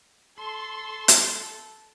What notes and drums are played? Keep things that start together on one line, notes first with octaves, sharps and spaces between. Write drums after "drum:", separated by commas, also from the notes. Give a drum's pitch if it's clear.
A4 C6
drum: hi-hat